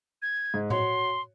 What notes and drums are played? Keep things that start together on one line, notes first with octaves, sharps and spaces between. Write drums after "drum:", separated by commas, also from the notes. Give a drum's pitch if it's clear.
G#6
G#2
F#4 C#5 C6, drum: tom A2